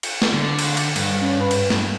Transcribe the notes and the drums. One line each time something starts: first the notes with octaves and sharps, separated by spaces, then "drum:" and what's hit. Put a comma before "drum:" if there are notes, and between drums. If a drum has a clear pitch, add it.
C#7, drum: cymbal
drum: snare
D3
drum: cymbal
drum: cymbal
G2, drum: cymbal
C#4
B4
drum: cymbal
G2, drum: snare